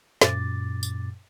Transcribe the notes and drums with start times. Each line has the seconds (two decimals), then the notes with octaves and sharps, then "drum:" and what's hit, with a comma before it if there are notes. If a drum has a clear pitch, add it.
0.21 F#2 A#2 D6 A6, drum: snare
0.83 drum: tambourine